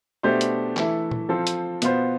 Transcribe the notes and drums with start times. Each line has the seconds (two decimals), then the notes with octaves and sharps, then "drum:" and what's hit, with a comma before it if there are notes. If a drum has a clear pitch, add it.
0.23 B2 A3 D4 G4 C5
0.41 drum: hi-hat
0.77 E3 A3 E4 A4, drum: clap
1.11 drum: tom A#2
1.29 F3 C4 F4 A4
1.47 drum: hi-hat
1.82 B2 B3 F4 C5, drum: hi-hat